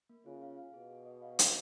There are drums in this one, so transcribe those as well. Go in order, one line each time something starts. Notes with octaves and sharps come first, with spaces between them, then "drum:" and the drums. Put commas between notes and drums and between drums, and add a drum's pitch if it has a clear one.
A#3
C#3 F4
F5
F5
B2 G#4
G#4
D#5
F5
F5, drum: hi-hat